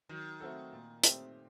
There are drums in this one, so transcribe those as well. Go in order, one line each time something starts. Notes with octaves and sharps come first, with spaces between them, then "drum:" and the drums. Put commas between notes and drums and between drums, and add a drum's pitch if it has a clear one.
D#3 F#3
A3 C4 F#4 A4
A#2
A3 C4 G4, drum: hi-hat